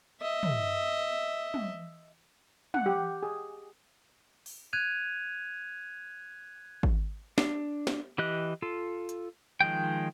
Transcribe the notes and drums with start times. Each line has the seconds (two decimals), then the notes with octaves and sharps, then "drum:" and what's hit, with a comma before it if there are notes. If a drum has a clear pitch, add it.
0.21 D#5 E5
0.43 drum: tom
1.54 drum: tom
2.74 F#5, drum: tom
2.86 G4
3.23 G#4
4.46 drum: open hi-hat
4.73 F#6 G#6 D#7 F7
6.83 drum: kick G#1
7.38 D4, drum: snare
7.87 drum: snare
8.18 E3 G4 D#5 F#6
8.62 F4 A4
9.09 drum: hi-hat
9.60 D#3 F3 G#3 G5